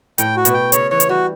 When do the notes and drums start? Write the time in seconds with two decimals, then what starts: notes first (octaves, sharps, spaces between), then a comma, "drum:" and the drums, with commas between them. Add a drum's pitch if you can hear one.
0.18 A2 G5, drum: hi-hat
0.37 F#4
0.45 B2, drum: hi-hat
0.54 G5
0.72 C#3 C#5, drum: hi-hat
0.91 E3 C#5
1.00 drum: hi-hat
1.09 G3 F#4